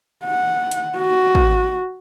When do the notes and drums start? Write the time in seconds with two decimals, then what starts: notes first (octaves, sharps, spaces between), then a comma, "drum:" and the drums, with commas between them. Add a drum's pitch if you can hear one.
0.25 F#5
0.71 drum: hi-hat
0.97 F#4
1.35 drum: kick